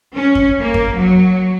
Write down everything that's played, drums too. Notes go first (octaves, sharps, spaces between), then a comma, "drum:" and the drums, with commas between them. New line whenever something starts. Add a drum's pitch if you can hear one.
C#4
drum: kick F2
A#3
drum: kick F2
F#3